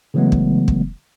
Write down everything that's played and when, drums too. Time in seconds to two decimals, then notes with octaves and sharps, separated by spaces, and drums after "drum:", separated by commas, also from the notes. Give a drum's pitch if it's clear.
0.14 C#3 E3 F#3 G#3 A3 B3
0.32 drum: kick
0.68 drum: kick